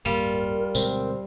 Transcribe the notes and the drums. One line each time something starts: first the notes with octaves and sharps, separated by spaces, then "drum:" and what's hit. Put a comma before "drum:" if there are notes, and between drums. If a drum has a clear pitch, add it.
D1 G2 G3 A#3 F4 A#4
D2 B2 G#3 C4, drum: tambourine